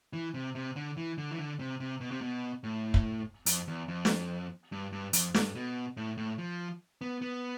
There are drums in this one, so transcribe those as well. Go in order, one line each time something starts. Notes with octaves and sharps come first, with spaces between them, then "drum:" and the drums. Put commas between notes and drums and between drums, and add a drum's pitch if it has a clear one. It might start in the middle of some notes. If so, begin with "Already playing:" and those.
E3
C3
C3
D3
E3
D3
E3
D3
C3
C3
B2
C3
B2
A2
drum: kick
F2, drum: hi-hat
E2
F2
drum: snare
G2
G2
F2, drum: hi-hat
G2, drum: snare
B2
A2
A2
F3
B3
B3